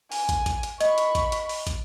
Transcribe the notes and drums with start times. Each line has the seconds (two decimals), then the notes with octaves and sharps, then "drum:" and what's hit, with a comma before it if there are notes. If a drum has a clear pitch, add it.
0.12 G#5, drum: open hi-hat
0.29 drum: kick, hi-hat
0.46 drum: kick, hi-hat
0.63 drum: hi-hat
0.80 D#5 B5 C#6, drum: hi-hat
0.98 drum: hi-hat
1.15 drum: kick, hi-hat
1.32 drum: hi-hat
1.49 drum: open hi-hat
1.67 drum: kick, hi-hat